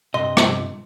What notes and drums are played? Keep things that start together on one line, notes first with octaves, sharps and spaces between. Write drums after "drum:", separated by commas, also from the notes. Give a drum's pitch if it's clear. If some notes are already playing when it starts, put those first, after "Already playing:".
G2 C3 D#5 C6
drum: rim click